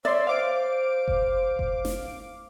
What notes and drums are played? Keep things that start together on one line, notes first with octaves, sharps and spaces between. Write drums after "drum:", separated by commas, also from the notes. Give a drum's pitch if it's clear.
C#5 D5 E5 C6
C5 F5 D6 D7
drum: kick F#1
drum: kick F#1
drum: snare